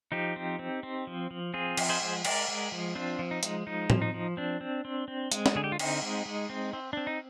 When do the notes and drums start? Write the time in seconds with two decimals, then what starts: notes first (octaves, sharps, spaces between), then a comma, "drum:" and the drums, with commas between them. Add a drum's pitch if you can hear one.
0.12 F3 D#4 G4
0.36 C4
0.59 C4
0.83 C4
1.07 F3
1.31 F3
1.54 C4 F4 G#4
1.77 F3, drum: cymbal
1.89 G#4 C5
2.01 G#3
2.25 G#3 A#4 D5, drum: cymbal
2.48 G#3
2.72 F3
2.95 C4 D4 F4
3.19 F3
3.31 D#4
3.43 G#3, drum: hi-hat
3.67 F3 D#4
3.90 F3, drum: tom
4.02 D#4
4.14 F3
4.37 C4 D4
4.61 C4
4.85 C4
5.08 C4
5.32 G#3, drum: hi-hat
5.46 drum: snare
5.55 D3 G#4
5.64 G4
5.72 F4
5.79 C4 D#4, drum: cymbal
6.02 G#3
6.26 G#3
6.49 C4
6.73 C4
6.93 C4 D4
7.07 D#4